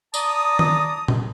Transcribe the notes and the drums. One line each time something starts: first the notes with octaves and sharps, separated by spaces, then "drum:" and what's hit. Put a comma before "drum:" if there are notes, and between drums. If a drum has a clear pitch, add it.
D5 A5 A#5 D#6, drum: tambourine
drum: tom D#3
drum: tom A#2